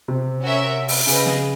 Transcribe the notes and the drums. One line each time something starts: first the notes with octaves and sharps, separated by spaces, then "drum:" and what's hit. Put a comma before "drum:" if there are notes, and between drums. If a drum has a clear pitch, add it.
C3
C#4 F#4 A#4 C#5 E5
drum: open hi-hat
C#3 G#4 B4 D#5, drum: hi-hat
drum: snare